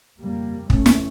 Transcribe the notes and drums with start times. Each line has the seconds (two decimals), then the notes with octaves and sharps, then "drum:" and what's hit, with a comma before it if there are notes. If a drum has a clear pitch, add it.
0.20 F2 C#3 G3 A#3
0.70 F2 C#3 A3 C#4, drum: kick
0.86 drum: snare